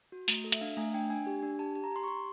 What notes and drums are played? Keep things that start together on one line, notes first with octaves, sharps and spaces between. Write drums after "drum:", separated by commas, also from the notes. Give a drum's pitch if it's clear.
F#4
A3, drum: open hi-hat
A4
E5, drum: hi-hat
D4 F5
A3 G#5
D4 G5
D4 G#5
G4
D4
G4 A5
G4
A#5
G4 C6
C#6
G4 C6